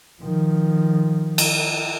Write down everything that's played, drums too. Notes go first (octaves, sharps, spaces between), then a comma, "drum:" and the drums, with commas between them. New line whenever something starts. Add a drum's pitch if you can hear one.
D#3 F3
drum: cymbal